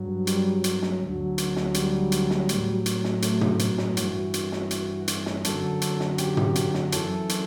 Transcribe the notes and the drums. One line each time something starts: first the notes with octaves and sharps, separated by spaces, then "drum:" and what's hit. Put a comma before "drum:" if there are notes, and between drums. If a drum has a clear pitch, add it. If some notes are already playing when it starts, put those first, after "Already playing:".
Already playing: G2 F#3
G3, drum: hi-hat
F#3, drum: hi-hat
drum: snare
D2 D3 F#3
drum: hi-hat
drum: snare
G3, drum: hi-hat
drum: hi-hat
drum: snare
A2 F#3, drum: hi-hat
drum: hi-hat
drum: snare
A3, drum: hi-hat
drum: tom
B3, drum: hi-hat
drum: snare
G2 E3 F#4, drum: hi-hat
drum: hi-hat
drum: snare
drum: hi-hat
drum: hi-hat
drum: snare
F#2 D3 F#3 A4, drum: hi-hat
drum: hi-hat
drum: snare
G4, drum: hi-hat
drum: tom
drum: hi-hat
drum: snare
F#2 E3 A4, drum: hi-hat
drum: hi-hat